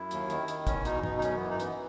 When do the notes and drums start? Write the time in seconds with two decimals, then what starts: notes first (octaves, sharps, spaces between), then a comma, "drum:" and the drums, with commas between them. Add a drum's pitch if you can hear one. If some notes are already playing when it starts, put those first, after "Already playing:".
Already playing: F#2 E4
0.11 D#2, drum: hi-hat
0.30 D#3, drum: hi-hat
0.48 D#3, drum: hi-hat
0.67 E2 C#4, drum: kick, hi-hat
0.85 B2 D#4, drum: hi-hat
1.03 B2 D#4, drum: tom G2
1.18 D#4
1.22 F#2 C#4, drum: hi-hat
1.36 E3 B3
1.50 D#4
1.60 E3, drum: hi-hat
1.65 B3